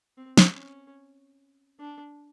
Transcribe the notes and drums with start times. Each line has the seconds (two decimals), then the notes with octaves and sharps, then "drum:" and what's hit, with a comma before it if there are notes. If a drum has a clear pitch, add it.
0.18 C4
0.37 drum: snare
0.50 C#4
1.80 D4